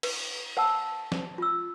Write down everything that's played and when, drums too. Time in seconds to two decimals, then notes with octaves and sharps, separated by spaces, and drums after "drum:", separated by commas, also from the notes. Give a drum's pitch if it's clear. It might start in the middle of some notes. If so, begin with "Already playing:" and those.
0.03 B4, drum: cymbal
0.57 C5 F#5 A5 E6
1.12 drum: snare
1.38 F4 E6